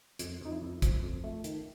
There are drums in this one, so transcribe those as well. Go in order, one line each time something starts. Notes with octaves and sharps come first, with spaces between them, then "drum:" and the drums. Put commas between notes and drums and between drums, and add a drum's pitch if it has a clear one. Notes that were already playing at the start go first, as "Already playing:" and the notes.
F2, drum: hi-hat
F2 D#4
E4
F2
F3, drum: kick, hi-hat
F2
A3
D#3, drum: hi-hat